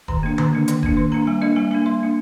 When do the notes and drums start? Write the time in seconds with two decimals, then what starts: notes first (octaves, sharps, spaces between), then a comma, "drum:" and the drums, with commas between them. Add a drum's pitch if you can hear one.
0.08 D#3 A#5, drum: kick F1
0.23 A#3 D4
0.38 D#3 A#5, drum: tom D3
0.53 A#3 D4
0.68 D#3, drum: hi-hat
0.83 A#3 D4, drum: kick F1
0.97 D#3 C6
1.12 A#3 D4 A#5
1.27 G3 G#5
1.41 A#3 D4 D#5
1.56 G3 G#5
1.71 A#3 D4 G#5
1.86 G3 C6
2.01 A#3 D4